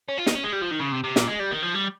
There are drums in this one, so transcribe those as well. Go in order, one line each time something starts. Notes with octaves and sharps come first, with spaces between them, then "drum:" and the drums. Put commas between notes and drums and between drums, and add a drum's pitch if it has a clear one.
C#4
F4
D#4, drum: snare
C#4
G#3
G3
F3
D#3
C#3
C3
C3
A#2, drum: snare
G#3
G3
D#3
F3
G3